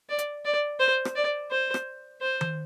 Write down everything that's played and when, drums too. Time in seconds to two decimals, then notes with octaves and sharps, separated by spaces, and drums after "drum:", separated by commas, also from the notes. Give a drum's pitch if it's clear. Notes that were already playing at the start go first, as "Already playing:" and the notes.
0.09 D5
0.19 drum: hi-hat
0.45 D5
0.80 C5
1.05 drum: rim click
1.15 D5
1.51 C5
1.74 drum: rim click
2.21 C5
2.41 drum: tom D#3